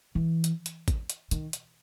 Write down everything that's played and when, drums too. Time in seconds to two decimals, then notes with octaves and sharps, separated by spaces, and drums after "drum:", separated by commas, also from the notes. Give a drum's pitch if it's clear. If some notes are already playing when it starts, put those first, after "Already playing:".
0.15 E3
0.44 drum: hi-hat
0.66 drum: hi-hat
0.88 drum: kick A1, hi-hat
1.10 drum: hi-hat
1.31 D#3, drum: hi-hat
1.53 drum: hi-hat